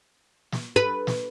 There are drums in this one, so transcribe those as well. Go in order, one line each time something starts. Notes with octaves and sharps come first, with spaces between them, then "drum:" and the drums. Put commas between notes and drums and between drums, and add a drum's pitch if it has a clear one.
drum: snare
B4
drum: snare